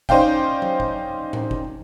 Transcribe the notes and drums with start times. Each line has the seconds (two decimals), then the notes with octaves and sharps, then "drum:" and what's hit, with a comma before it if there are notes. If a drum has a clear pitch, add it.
0.09 C#4 D#4 C5 D5 F5 G5, drum: kick F#1
0.62 drum: tom F#3
0.80 drum: kick F#1
1.33 drum: tom A2
1.51 drum: kick F#1